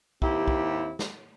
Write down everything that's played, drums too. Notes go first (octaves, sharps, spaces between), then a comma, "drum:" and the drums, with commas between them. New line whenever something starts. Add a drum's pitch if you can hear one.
D#2 C4 E4 G4, drum: kick
drum: kick
drum: snare